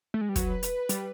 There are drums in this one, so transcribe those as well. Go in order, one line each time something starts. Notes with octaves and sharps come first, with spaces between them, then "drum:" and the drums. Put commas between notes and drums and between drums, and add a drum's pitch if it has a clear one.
A3
G#3
G3
F#3 B4, drum: kick, hi-hat
drum: hi-hat
G3, drum: hi-hat